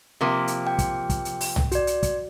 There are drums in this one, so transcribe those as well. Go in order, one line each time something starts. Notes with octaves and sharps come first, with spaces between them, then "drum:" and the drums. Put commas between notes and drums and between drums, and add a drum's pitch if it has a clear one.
C3 F3 A#3
drum: hi-hat
G5
drum: kick, hi-hat
drum: kick, hi-hat
drum: hi-hat
drum: open hi-hat
drum: tom C2
F#4 D5, drum: hi-hat
drum: hi-hat
drum: kick, hi-hat